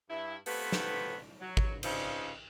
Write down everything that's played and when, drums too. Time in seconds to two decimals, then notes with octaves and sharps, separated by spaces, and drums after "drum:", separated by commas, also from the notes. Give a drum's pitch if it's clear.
0.09 G2 E4
0.46 C3 A3 B3 F4 G4 B4, drum: open hi-hat
0.72 drum: snare
1.40 F#3
1.57 drum: kick G#1
1.83 G2 C#3 F3 G3 C4 D#4, drum: cymbal